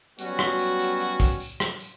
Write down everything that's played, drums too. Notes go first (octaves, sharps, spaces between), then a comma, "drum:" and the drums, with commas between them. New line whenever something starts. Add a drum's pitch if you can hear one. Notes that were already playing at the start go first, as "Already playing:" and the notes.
F#3 G3 B3 C#4 F#4, drum: tambourine
drum: rim click
drum: tambourine
drum: tambourine
drum: tambourine
drum: kick, tambourine
drum: tambourine
drum: rim click
drum: tambourine